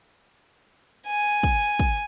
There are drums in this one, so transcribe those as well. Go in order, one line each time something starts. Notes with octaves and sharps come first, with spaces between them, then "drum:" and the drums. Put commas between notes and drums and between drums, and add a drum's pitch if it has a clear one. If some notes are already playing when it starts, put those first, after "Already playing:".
G#5
drum: kick
drum: kick